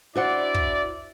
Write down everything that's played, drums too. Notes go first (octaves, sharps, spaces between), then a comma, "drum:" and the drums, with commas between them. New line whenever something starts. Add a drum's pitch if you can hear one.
D4 E4 F#4 C5 D5 F#5
drum: kick